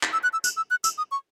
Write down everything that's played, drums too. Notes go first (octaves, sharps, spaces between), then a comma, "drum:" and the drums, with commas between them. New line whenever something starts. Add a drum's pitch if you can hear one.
drum: clap
E6
F#6
E6
F#6, drum: tambourine
E6
F#6
E6, drum: tambourine
D#6
C#6